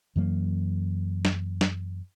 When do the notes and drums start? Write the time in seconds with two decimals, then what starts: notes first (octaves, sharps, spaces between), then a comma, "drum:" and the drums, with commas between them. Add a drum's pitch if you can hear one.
0.16 F#2 E3 F#3 A#3
1.25 drum: snare
1.61 drum: snare